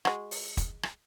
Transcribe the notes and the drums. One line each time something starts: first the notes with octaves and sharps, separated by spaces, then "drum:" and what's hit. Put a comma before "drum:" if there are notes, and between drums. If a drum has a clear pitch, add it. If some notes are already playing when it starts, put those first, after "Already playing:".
G#3 F#4, drum: rim click
drum: open hi-hat
drum: kick, hi-hat
drum: rim click